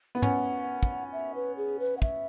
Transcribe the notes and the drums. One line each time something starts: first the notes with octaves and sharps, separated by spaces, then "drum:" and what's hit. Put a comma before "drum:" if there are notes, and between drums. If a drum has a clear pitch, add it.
B3
C#4 F#5, drum: tom
drum: kick
E5
B4
G#4
B4
F#5
E5, drum: kick